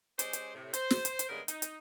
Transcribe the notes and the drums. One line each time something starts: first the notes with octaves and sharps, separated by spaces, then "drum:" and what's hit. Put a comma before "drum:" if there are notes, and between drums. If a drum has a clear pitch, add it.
G#3 C#4 G4 C5, drum: hi-hat
drum: hi-hat
A2 C3
C5, drum: hi-hat
drum: snare
drum: hi-hat
drum: hi-hat
G2 C#3 G#3 B3 A#4
D#4, drum: hi-hat
drum: hi-hat